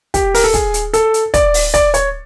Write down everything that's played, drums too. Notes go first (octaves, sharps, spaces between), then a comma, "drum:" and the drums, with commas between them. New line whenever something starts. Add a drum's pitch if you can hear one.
G4, drum: kick, hi-hat
A#4, drum: open hi-hat
A4
G#4, drum: kick, hi-hat
drum: hi-hat
A4, drum: hi-hat
drum: hi-hat
D5, drum: kick, hi-hat
drum: open hi-hat
D5, drum: kick, hi-hat
C#5, drum: hi-hat